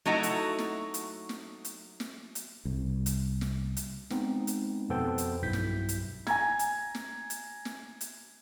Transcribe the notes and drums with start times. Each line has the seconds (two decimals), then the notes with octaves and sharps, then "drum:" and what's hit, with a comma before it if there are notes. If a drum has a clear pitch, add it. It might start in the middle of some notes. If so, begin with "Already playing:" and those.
0.05 F#3 A3 D#4 E4 F#4
0.23 drum: hi-hat
0.59 drum: snare
0.94 drum: hi-hat
1.29 drum: snare
1.65 drum: hi-hat
2.00 drum: snare
2.35 drum: hi-hat
2.65 C2
3.06 drum: hi-hat
3.41 drum: snare
3.77 drum: hi-hat
4.10 G#3 B3 C4 D#4, drum: snare
4.47 drum: hi-hat
4.89 F2 B2 B3 A4 C5 G5
5.18 drum: hi-hat
5.42 B1 G2 E4 G6 B6
5.53 drum: snare
5.89 drum: hi-hat
6.27 G#5 A#5 G#6, drum: snare
6.59 drum: hi-hat
6.95 drum: snare
7.30 drum: hi-hat
7.65 drum: snare
8.01 drum: hi-hat